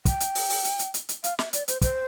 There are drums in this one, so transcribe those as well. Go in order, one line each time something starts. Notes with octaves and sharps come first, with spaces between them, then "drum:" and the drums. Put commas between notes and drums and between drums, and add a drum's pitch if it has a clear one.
G5, drum: kick, hi-hat
drum: hi-hat
drum: open hi-hat
drum: open hi-hat
drum: hi-hat
drum: hi-hat
drum: hi-hat
drum: hi-hat
F5, drum: hi-hat
E5, drum: snare
D5, drum: hi-hat
C5, drum: hi-hat
C5, drum: kick, hi-hat